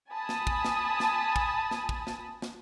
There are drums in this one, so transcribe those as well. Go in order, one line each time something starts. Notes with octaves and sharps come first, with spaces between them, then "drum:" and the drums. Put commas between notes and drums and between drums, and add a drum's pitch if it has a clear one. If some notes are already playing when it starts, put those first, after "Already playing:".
G#5 A5 B5 D#6
drum: snare
drum: kick
drum: snare
drum: snare
drum: kick
drum: snare
drum: kick
drum: snare
drum: snare